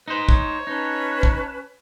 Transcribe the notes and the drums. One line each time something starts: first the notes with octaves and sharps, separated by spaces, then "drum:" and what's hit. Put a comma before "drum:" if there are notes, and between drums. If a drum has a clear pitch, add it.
D#4 B4 C5
C#5, drum: kick
C#4 D#4 B4 A5
drum: kick